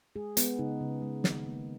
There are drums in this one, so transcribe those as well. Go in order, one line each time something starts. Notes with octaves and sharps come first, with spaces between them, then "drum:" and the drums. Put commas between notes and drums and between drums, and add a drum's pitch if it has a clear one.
G#3 G#4
G#3 B3, drum: hi-hat
C#3 D#4
C#3
G#3
D#3, drum: snare
A#3